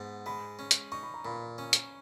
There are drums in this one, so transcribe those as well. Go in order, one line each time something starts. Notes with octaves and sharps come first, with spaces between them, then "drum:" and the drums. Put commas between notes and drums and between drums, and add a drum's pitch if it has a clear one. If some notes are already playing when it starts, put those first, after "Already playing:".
Already playing: G#2 B3
G#3 B5
C#4
drum: hi-hat
D#4 C#6
B5
A#5
A#2 B5
C#4
drum: hi-hat